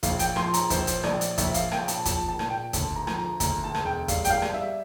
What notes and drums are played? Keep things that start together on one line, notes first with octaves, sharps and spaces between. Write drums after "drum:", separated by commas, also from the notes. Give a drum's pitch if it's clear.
A#1 F5, drum: kick, hi-hat
G5, drum: hi-hat
F3 C6, drum: rim click
A#5, drum: hi-hat
A#1 C5, drum: kick, hi-hat
drum: hi-hat
A#1 D5, drum: rim click
drum: hi-hat
A#1 E5, drum: kick, hi-hat
F5, drum: hi-hat
A#2 G5, drum: rim click
A5, drum: hi-hat
F3 A5, drum: kick, hi-hat
A5
A#2, drum: rim click
G5
D2 A5, drum: kick, hi-hat
A#5
F3, drum: rim click
A#5
D2 A#5, drum: kick, hi-hat
A5
E1, drum: rim click
G5
G3 F5, drum: kick, hi-hat
G5, drum: hi-hat
F5
G3, drum: rim click
E5